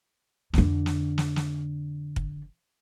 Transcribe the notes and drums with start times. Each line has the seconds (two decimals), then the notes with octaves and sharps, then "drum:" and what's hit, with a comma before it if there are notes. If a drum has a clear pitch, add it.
0.53 F2 D3, drum: snare
0.86 drum: snare
1.18 drum: snare
1.36 drum: snare
2.16 drum: kick